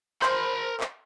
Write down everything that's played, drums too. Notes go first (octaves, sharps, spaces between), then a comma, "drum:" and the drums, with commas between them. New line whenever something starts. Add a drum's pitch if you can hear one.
A#4 C5 B5, drum: clap
drum: clap